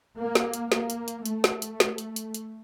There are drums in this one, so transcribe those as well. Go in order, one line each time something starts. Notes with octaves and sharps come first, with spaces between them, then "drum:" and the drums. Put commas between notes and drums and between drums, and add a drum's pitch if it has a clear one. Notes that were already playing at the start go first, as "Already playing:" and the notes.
A#3
drum: snare
drum: hi-hat
A#3, drum: snare
drum: hi-hat
drum: hi-hat
A3, drum: hi-hat
drum: snare
drum: hi-hat
drum: snare
drum: hi-hat
drum: hi-hat
drum: hi-hat